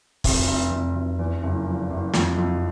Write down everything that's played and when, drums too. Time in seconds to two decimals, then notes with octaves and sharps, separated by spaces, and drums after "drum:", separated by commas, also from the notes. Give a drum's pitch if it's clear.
0.24 F1, drum: kick, open hi-hat
0.48 F1
0.72 F1
0.96 F1
1.19 E2
1.43 F#1
1.67 F3
1.90 F#1
2.13 F2, drum: snare
2.37 F2